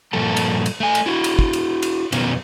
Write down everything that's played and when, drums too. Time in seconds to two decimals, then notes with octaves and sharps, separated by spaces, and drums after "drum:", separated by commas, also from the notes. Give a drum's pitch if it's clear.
0.13 G2 A#2 F3 A#3 A4 A5
0.37 drum: cymbal
0.66 drum: cymbal
0.80 A3 G#5
0.95 drum: cymbal
1.06 E4 F#4
1.24 drum: cymbal
1.39 drum: kick
1.53 drum: cymbal
1.82 drum: cymbal
2.12 F2 B2 D#3 B3 C#4, drum: cymbal